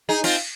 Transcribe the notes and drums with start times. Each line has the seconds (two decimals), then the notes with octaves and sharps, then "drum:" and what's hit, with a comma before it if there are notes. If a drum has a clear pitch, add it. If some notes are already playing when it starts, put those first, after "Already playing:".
0.09 D#4 G#4
0.24 C4 F4, drum: cymbal